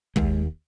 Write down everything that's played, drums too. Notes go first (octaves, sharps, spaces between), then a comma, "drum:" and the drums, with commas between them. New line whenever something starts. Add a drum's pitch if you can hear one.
D#2 G#3, drum: kick